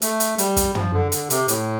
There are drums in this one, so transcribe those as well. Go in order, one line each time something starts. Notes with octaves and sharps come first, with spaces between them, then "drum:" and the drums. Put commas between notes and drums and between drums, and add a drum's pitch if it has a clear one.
A3, drum: hi-hat
drum: hi-hat
G3, drum: hi-hat
drum: kick, hi-hat
F3, drum: tom
D3
D3, drum: hi-hat
C3, drum: hi-hat
A2, drum: hi-hat